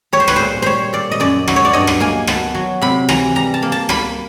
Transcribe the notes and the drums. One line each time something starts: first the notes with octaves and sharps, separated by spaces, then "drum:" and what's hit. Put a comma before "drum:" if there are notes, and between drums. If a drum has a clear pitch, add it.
G3 C#5
C5
B4, drum: rim click
A#2 C5
G3 C5 C#5
A#2 D5
D#5
F#2 D5
F#3, drum: rim click
C#5
D5
G2 D#5
drum: rim click
A#3 G#5
B3 A5, drum: rim click
F#3
C3 B5
E3 A#5, drum: rim click
G3 A#5
A5
A#3
A5
A#3 B5, drum: rim click